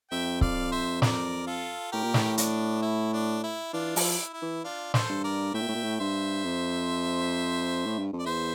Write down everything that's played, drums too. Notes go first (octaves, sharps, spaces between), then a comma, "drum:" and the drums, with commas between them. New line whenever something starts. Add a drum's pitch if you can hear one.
F2 E5 G5
D5 F5, drum: kick C#1
C5 E5
A#4 D5, drum: snare
F4 A4
A2 G4 A#4
A#2
A2, drum: snare
D4, drum: hi-hat
E4
D4
E4
E3 D4 F4
F3, drum: open hi-hat
E4
E4
E3
D4 F4
A4 C5, drum: snare
G2
A#4 D5
A2 E5 G5
A#2
A2
A#2
A2
G2 C5 E5
F2
A2
G2
F2
D5
E2 C5 E5